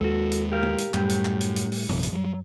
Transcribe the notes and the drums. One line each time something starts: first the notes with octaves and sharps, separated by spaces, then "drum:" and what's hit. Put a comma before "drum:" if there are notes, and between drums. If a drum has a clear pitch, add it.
D#2 G#3 F#4 A4
drum: hi-hat
G4 A#4 F5
drum: tom
drum: hi-hat
F#2 A2 G3 G4, drum: clap
drum: hi-hat
drum: clap
drum: hi-hat
drum: hi-hat
drum: open hi-hat
A#1 C3 F3, drum: tom F#2
drum: hi-hat
F#3 G3